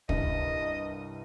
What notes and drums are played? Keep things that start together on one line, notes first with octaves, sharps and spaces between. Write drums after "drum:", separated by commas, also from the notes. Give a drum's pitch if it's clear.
C2 G2 D#5, drum: kick